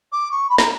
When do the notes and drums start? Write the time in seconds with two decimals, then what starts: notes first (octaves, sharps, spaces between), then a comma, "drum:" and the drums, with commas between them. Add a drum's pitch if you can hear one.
0.12 D6
0.31 C#6
0.49 B5
0.58 A#5, drum: snare